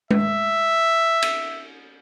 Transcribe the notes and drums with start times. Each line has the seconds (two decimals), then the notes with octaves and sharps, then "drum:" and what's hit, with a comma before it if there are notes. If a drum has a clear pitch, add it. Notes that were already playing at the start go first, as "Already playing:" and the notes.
0.11 E5, drum: tom G#3
1.22 drum: cymbal